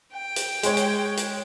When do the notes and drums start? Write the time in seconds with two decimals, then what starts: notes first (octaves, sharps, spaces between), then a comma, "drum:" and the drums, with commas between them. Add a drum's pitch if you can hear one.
0.14 G5
0.36 drum: hi-hat
0.63 G#3 C#5, drum: hi-hat
0.77 drum: hi-hat
1.17 drum: hi-hat